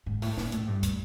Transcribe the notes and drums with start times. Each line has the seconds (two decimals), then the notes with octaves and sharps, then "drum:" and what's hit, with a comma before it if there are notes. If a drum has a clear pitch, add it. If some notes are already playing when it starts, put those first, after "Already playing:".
0.06 G#2
0.22 A2, drum: open hi-hat
0.37 A#2, drum: snare
0.52 A2, drum: hi-hat
0.67 G2
0.83 drum: kick, hi-hat